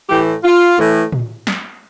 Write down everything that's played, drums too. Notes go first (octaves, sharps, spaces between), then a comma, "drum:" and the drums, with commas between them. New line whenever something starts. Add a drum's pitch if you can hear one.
A2 E3 G4
F4
A2 E3
drum: tom
drum: snare